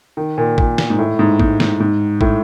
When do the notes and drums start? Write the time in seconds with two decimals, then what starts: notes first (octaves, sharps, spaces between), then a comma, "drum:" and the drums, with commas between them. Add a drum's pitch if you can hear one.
0.17 D#3
0.38 A#2
0.58 A#2, drum: kick
0.78 drum: snare
0.90 G#2
0.98 A2
1.19 G#2
1.40 G#2, drum: kick
1.60 G#2, drum: snare
1.80 G#2
2.21 A2, drum: kick